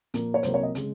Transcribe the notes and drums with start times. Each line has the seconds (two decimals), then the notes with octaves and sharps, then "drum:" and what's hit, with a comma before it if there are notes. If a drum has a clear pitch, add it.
0.14 A#2 F3 A#3, drum: hi-hat
0.34 C#5
0.43 C2 C3 F#3 A#3 C5, drum: hi-hat
0.54 C#5
0.63 D#5
0.75 C#3 G#3, drum: hi-hat